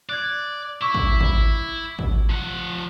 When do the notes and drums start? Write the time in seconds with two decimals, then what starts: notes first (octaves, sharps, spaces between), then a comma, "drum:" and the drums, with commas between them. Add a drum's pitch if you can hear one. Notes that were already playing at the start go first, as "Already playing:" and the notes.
0.09 D5 F#6 G#6
0.81 E4 C#6 D6 E6
0.94 drum: kick
1.21 drum: kick
1.99 drum: kick
2.30 F3 F#5